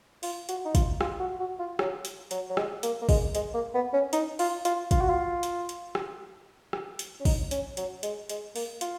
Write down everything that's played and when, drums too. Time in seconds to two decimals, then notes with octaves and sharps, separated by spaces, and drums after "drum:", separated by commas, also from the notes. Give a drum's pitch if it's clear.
0.23 F4, drum: open hi-hat
0.49 F#4, drum: hi-hat
0.65 D#4
0.75 F4, drum: kick, hi-hat
1.01 F4, drum: rim click
1.20 F#4
1.40 F#4
1.59 F4
1.79 F#3, drum: rim click
2.05 drum: hi-hat
2.31 F#3, drum: hi-hat
2.50 F#3
2.57 G#3, drum: rim click
2.83 A#3, drum: hi-hat
3.01 A#3
3.09 G#3, drum: kick, open hi-hat
3.35 G#3, drum: hi-hat
3.54 A#3
3.74 B3
3.93 C#4
4.13 D#4, drum: hi-hat
4.39 F4, drum: open hi-hat
4.65 F4, drum: hi-hat
4.91 F4, drum: kick, hi-hat
5.01 F#4
5.09 F4
5.43 drum: hi-hat
5.69 drum: hi-hat
5.95 drum: rim click
6.73 drum: rim click
6.99 drum: hi-hat
7.20 C#4
7.25 D#4, drum: kick, open hi-hat
7.51 C#4, drum: hi-hat
7.77 F#3, drum: hi-hat
8.03 G#3, drum: hi-hat
8.29 G#3, drum: hi-hat
8.56 A#3, drum: open hi-hat
8.81 F4, drum: hi-hat